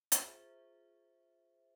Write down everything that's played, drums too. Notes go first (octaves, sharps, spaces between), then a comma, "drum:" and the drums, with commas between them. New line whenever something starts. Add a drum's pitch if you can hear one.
F4 G#4 C5 E5, drum: hi-hat